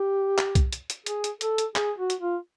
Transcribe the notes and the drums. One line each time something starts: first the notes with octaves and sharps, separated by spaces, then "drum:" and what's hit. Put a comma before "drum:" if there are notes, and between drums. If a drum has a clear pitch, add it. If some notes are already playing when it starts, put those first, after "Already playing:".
Already playing: G4
drum: clap
drum: kick B1, hi-hat
drum: hi-hat
drum: hi-hat
G#4, drum: hi-hat
drum: hi-hat
A4, drum: hi-hat
drum: hi-hat
G#4, drum: clap
F#4
drum: hi-hat
F4